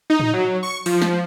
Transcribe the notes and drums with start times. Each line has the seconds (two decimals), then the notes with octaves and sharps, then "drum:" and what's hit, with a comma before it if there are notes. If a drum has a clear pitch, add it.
0.10 D#4
0.20 drum: tom A2
0.33 F#3
0.63 C#6
0.86 F3, drum: open hi-hat
1.02 drum: snare